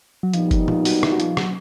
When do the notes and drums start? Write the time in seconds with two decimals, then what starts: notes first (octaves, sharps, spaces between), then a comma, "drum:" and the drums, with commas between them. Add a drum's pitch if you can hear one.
0.23 F#3
0.34 A#2 F3 G3 B3 D#4, drum: hi-hat
0.51 drum: kick F#1, hi-hat
0.68 F3, drum: tom A#2
0.85 F#3, drum: open hi-hat
1.03 E3, drum: rim click
1.12 F#3
1.20 F3, drum: hi-hat
1.37 F#3, drum: rim click